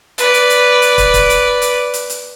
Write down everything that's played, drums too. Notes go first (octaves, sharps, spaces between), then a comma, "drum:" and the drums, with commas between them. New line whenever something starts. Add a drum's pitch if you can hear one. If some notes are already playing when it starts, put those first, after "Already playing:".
B4 D5, drum: hi-hat
drum: hi-hat
drum: hi-hat
drum: hi-hat
drum: kick, hi-hat
drum: kick, hi-hat
drum: hi-hat
drum: hi-hat
drum: hi-hat
drum: hi-hat